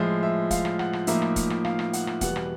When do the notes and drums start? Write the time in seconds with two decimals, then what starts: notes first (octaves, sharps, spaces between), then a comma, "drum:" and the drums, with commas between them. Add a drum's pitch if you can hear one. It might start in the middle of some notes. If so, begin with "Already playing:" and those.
Already playing: A2 F3 G#3 E5
0.23 E5
0.51 F5, drum: kick, hi-hat
0.65 drum: rim click
0.79 F#5, drum: rim click
0.93 drum: rim click
1.07 A2 F3 A#3 D#4 E5, drum: hi-hat
1.22 drum: rim click
1.36 drum: kick, hi-hat
1.50 drum: rim click
1.65 F5, drum: rim click
1.79 drum: rim click
1.93 F#5, drum: hi-hat
2.07 drum: rim click
2.21 E2 B2 G3 B3 F#5, drum: kick, hi-hat
2.36 drum: rim click